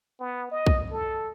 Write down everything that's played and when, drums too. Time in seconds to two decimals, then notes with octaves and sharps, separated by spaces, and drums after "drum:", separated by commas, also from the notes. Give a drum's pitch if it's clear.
0.20 B3
0.51 D#5
0.67 drum: kick B1
0.92 A4